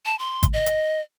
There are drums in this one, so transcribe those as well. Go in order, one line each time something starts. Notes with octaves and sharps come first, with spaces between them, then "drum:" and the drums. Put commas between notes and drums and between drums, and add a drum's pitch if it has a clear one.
A5
C6
drum: kick, hi-hat
D#5
drum: hi-hat